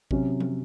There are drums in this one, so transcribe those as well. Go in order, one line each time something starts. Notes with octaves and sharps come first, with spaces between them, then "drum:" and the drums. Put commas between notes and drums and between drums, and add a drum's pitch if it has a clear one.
C3 F#3 C#4, drum: kick A1
drum: tom F3